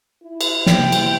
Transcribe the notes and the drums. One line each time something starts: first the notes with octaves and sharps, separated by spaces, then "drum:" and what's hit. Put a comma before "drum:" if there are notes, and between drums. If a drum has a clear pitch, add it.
E4
drum: cymbal
C3 G3 A#3 G5, drum: snare
drum: cymbal